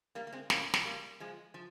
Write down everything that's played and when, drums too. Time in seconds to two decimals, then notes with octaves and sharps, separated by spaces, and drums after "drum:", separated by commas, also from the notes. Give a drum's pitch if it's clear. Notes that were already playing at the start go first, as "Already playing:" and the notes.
0.15 G3 A#3
0.27 A#3
0.32 G#3 C4
0.50 A#3 C#4, drum: snare
0.74 drum: snare
0.85 G3 A#3
1.20 F3 G#3
1.54 F3